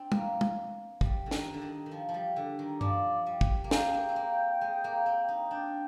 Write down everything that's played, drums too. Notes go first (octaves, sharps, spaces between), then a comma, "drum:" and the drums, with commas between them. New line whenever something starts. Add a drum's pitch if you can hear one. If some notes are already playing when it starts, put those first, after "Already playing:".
Already playing: C4 D4
A#3, drum: tom
drum: tom
G3, drum: kick
D3
D#3, drum: snare
D3
D#3
D#3
F3
F3
G3
D3
D#3
F3 D5, drum: tom
G3
drum: kick
A#3
G#3 G5, drum: snare
A#3
C4
A#3
G#3
A#3
C4
D#4
D4 G5